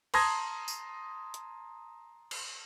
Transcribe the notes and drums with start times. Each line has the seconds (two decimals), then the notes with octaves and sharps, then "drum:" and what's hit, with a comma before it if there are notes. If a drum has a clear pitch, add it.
0.14 A5 A#5 C6 D#6 G#6 A#6, drum: cymbal
0.68 drum: tambourine
1.34 drum: hi-hat
2.31 drum: cymbal